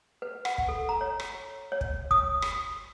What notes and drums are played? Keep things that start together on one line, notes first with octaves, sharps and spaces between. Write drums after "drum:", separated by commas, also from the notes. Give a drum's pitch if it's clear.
B4
F#5, drum: rim click
drum: kick
A4
A#5
C#5
drum: rim click
C#5
drum: kick
D#6, drum: kick
drum: rim click